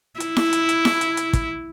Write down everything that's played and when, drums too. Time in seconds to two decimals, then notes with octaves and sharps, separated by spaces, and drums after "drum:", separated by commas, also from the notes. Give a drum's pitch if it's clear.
0.20 E4, drum: hi-hat
0.37 drum: snare E4
0.53 drum: hi-hat
0.69 drum: hi-hat
0.85 drum: snare E4
1.01 drum: hi-hat
1.17 drum: hi-hat
1.33 drum: kick, hi-hat